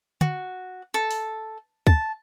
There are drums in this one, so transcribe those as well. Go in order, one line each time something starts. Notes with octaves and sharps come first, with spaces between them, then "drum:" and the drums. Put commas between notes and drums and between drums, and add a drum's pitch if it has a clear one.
F#4, drum: tom
A4
drum: open hi-hat
A5, drum: kick